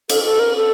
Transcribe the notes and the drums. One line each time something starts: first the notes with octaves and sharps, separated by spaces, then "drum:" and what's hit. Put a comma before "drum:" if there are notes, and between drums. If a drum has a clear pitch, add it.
A4, drum: cymbal
A4
A#4
A4